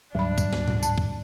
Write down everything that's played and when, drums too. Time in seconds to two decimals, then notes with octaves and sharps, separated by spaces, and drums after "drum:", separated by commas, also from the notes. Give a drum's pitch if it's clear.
0.15 D2 G#2 F#3 G3 D4 B5
0.38 drum: kick, tambourine
0.53 drum: snare
0.68 drum: tom A2
0.83 A5, drum: tambourine
0.98 drum: kick